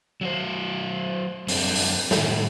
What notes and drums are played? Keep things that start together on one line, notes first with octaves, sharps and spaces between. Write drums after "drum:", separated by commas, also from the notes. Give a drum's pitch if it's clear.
F#3 F#4 C5
F#2 G3 C4 D4, drum: open hi-hat
drum: open hi-hat
A2 D#3 F#3 G3 G#4, drum: snare